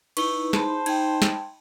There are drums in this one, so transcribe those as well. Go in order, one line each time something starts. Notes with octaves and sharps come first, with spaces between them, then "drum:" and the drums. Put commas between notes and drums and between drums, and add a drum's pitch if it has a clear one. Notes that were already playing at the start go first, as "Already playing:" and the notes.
D#4 E4 B4 C#6, drum: cymbal
G#4 C5 A5 B5, drum: snare
D#4 G5 G#6, drum: cymbal
drum: snare